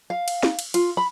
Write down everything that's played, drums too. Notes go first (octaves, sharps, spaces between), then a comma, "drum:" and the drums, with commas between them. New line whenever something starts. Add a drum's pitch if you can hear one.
F5
drum: cymbal
drum: snare
drum: cymbal
F4, drum: cymbal
B5